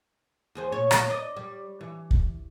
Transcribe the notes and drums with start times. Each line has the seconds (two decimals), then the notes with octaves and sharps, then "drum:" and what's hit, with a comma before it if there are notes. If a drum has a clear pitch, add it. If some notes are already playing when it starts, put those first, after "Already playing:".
0.55 E2 G#4 C5
0.72 A#2 C#5
0.91 drum: rim click
1.10 D5 D#5
1.36 G3
1.81 E3
2.11 drum: kick